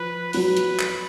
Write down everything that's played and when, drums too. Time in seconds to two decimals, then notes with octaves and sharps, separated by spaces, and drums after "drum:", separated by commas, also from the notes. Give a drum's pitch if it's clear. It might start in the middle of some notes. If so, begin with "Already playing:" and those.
Already playing: F3 B4
0.33 F#3 B4, drum: open hi-hat
0.57 drum: hi-hat
0.80 drum: clap